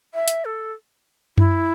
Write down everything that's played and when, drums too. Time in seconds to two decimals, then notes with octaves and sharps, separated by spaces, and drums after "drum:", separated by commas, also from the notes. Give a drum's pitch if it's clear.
0.14 E5
0.28 drum: hi-hat
0.45 A4
1.38 E4, drum: tom F#2